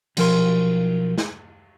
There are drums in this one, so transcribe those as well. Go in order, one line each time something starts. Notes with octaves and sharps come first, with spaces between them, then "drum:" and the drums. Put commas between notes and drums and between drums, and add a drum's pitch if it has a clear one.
B1 F3 A#4 C6, drum: cymbal
drum: snare